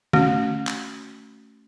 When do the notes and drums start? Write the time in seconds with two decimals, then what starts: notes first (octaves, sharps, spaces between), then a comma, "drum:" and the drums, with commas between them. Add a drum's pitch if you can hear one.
0.13 A3 C#4 F#4, drum: tom
0.67 drum: clap